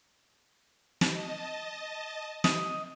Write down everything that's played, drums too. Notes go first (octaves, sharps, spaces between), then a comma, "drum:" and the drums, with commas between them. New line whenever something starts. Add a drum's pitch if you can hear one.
D#5 A5, drum: snare
D#5, drum: snare